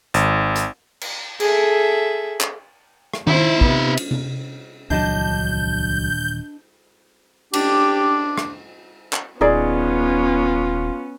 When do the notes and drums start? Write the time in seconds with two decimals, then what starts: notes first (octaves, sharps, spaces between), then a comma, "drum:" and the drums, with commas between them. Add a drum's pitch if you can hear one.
0.14 G#1, drum: hi-hat
0.56 drum: hi-hat
1.01 drum: cymbal
1.40 G#4 A4 E5, drum: cymbal
2.41 drum: clap
3.14 drum: rim click
3.27 D#4 E4 C5 E5, drum: tom D#3
3.61 C3 B3, drum: kick
3.97 drum: cymbal
4.11 drum: tom C3
4.90 D#1 C#2 E3 F#3 D4 D#5 A5 G6
7.54 D4 G4, drum: cymbal
8.38 drum: rim click
9.13 drum: clap
9.41 D#1 B3 C#4 D#4 F4 G#4 D5